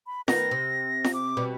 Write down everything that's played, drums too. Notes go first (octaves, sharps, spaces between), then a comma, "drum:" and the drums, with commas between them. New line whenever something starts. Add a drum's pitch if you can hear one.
B5
D#3 B3 A#6, drum: snare
C3
drum: snare
D6
B2 G3